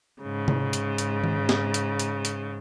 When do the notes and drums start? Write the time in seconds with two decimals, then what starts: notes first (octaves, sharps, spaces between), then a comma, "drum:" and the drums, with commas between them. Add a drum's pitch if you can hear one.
0.23 G#2 C#3
0.48 drum: tom C3
0.73 drum: hi-hat
0.98 drum: hi-hat
1.24 drum: tom D#3
1.49 drum: snare
1.74 drum: hi-hat
1.99 drum: hi-hat
2.25 drum: hi-hat